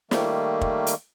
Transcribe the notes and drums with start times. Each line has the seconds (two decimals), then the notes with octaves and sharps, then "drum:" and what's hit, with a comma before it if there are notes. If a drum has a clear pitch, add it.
0.11 D#3 G3 A3 A#3, drum: snare
0.61 drum: kick
0.87 drum: hi-hat